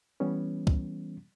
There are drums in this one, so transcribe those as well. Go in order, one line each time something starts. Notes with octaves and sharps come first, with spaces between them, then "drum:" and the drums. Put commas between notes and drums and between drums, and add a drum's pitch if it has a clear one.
E3 G3 B3 C#4
drum: kick